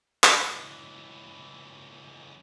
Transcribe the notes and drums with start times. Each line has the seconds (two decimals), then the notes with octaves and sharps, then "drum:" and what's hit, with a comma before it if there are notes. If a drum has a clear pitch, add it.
0.24 C#2 E3, drum: clap